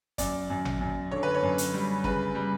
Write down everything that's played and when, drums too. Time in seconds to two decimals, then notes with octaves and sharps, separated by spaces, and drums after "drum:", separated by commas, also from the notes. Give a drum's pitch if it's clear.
0.18 F#2 D5, drum: kick, hi-hat
0.50 F#2
0.65 drum: tom A1
0.80 F#2
1.11 D3 C#5
1.23 B4
1.34 C#5
1.43 F#2
1.58 drum: hi-hat
1.73 G3
2.04 C#3 B4, drum: kick
2.35 G3